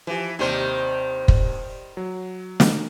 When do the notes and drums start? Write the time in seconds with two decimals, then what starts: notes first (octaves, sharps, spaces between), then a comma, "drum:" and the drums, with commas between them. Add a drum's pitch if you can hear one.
0.07 E3 F3 G4
0.39 D#2 C3 D#3 G3 C5
1.28 drum: kick
1.97 F#3
2.60 drum: snare